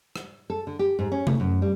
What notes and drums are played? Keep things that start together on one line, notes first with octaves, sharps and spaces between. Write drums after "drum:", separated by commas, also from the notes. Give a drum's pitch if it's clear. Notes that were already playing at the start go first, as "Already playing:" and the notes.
drum: rim click
A4
D3
G4
G#2
C#4
A3, drum: tom C3
F#2
G3